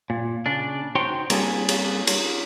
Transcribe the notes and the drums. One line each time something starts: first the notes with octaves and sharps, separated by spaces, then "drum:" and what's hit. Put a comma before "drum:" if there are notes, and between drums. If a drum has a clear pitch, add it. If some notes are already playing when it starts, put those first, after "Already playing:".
A#2
C#3 D4
D#4 F#4 C5 C#5 G5 C6
G3 A#3 C4 G#4 A4, drum: cymbal
drum: cymbal
drum: cymbal